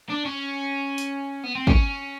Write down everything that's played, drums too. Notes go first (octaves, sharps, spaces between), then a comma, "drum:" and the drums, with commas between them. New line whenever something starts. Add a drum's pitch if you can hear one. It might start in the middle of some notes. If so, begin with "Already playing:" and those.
D4
C#4
drum: hi-hat
B3
C4
C#4, drum: kick